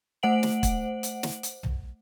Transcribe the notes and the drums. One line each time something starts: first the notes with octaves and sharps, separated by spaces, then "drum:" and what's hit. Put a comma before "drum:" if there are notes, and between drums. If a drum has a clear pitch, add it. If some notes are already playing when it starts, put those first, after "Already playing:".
A3 C5 F#5 D7 F#7
drum: snare
drum: kick, hi-hat
drum: hi-hat
drum: snare
drum: hi-hat
drum: tom